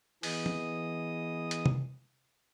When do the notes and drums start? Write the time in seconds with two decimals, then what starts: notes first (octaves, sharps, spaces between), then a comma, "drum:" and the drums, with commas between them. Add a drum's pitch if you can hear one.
0.23 E3 B3 G#4 D#5 D#6, drum: open hi-hat
0.46 drum: tom E3
1.51 drum: hi-hat
1.66 drum: tom C3